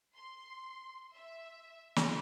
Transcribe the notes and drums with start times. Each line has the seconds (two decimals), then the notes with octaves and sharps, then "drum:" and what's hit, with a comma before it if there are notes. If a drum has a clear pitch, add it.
0.16 C6
1.15 E5
1.96 drum: snare